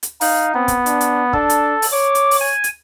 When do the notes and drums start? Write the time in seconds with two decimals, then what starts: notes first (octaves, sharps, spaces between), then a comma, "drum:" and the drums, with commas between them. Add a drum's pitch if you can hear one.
0.03 drum: hi-hat
0.21 D#4 F5, drum: open hi-hat
0.54 B3 C4
0.68 drum: kick, hi-hat
0.86 D4, drum: hi-hat
1.01 drum: hi-hat
1.33 D4 A4, drum: kick
1.50 drum: hi-hat
1.82 drum: open hi-hat
1.92 C#5 D6
2.15 drum: hi-hat
2.31 drum: open hi-hat
2.40 G#5
2.64 drum: hi-hat